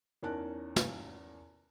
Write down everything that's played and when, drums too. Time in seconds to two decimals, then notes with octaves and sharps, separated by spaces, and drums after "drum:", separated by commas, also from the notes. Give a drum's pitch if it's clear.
0.23 E2 C#4 D#4 A#4 A5 F#6
0.76 drum: snare